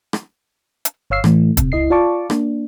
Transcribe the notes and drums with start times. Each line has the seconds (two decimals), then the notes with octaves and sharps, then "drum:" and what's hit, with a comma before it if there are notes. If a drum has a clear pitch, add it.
0.13 drum: rim click
0.85 drum: hi-hat
1.10 G1 C#5 F5 E6 C7
1.24 A2 E3 A3, drum: rim click
1.57 C3, drum: kick, hi-hat
1.72 C#2 E4 D#5 C7
1.90 F4 D5 F5 A5 C#6 D6
2.30 A#3 D4, drum: rim click